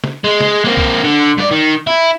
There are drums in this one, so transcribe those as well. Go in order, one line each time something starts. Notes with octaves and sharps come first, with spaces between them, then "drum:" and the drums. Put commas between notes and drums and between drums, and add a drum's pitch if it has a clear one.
drum: snare
G#3
drum: snare
A#3 C4
drum: kick
D3
G2 D5
D#3
E4